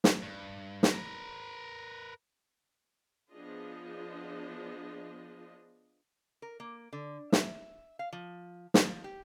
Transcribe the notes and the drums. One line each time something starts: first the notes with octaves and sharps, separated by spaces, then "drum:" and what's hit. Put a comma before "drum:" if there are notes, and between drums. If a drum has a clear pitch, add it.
drum: snare
G2
drum: snare
A#4 B4
F3 B3 D4 F4 G#4 D#5
A#4
A#3
D3
E5, drum: snare
F5
F3
drum: snare
F3
G4